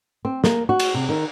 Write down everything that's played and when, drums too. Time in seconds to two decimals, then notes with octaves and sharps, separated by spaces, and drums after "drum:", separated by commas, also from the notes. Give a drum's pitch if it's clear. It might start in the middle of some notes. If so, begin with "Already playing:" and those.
0.25 C4
0.44 A#3, drum: snare
0.69 F#4
0.80 drum: cymbal
0.94 C3
1.09 D#3